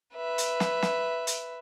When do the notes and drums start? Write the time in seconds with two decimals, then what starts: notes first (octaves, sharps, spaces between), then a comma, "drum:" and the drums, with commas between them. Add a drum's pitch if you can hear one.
0.16 B4 E5
0.38 drum: hi-hat
0.60 drum: snare
0.82 drum: snare
1.27 drum: hi-hat